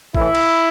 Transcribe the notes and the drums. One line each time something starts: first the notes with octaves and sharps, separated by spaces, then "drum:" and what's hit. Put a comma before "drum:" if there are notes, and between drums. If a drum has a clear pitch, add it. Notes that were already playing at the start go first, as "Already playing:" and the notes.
A2 E3 E4, drum: kick
drum: cymbal